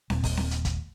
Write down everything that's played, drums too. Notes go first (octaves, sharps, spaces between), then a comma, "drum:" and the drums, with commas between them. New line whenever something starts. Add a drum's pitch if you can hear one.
D#1, drum: snare C4
drum: kick, open hi-hat
drum: snare C4
drum: hi-hat
drum: kick, hi-hat